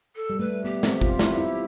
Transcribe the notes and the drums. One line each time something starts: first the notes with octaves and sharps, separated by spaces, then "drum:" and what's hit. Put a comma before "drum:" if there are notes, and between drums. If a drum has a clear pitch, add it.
A4
G3
A3 B4
B3 G4
C4, drum: snare
F4, drum: kick G#1
E4, drum: snare
E4